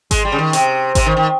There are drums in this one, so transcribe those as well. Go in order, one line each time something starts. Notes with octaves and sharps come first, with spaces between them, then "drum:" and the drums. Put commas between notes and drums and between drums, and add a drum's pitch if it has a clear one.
G#3, drum: kick G#1, hi-hat
G3
C#3
D#3
C3, drum: hi-hat
C3, drum: kick G#1, hi-hat
D#3
D#3